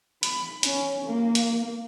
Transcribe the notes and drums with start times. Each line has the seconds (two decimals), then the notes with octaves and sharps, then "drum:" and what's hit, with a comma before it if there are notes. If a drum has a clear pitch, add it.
0.23 B5, drum: hi-hat
0.63 C#4, drum: hi-hat
1.05 A#3
1.35 drum: hi-hat